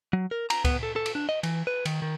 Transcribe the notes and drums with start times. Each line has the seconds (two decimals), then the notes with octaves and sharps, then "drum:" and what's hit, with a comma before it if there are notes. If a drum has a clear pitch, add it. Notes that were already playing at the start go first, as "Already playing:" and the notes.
0.13 F#3
0.31 A#4
0.50 A#5, drum: cymbal
0.65 B3, drum: kick C#2, cymbal
0.83 A4
0.96 A4
1.06 drum: cymbal
1.15 D4
1.29 D#5
1.43 E3, drum: cymbal
1.67 B4
1.85 D#3, drum: cymbal
2.02 D#3